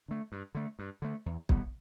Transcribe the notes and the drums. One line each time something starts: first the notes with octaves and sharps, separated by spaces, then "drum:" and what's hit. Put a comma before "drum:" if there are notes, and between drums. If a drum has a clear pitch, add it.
D3 A3
G2
D3 A3
G2
D3 A3
E2
B2 G3 B3, drum: kick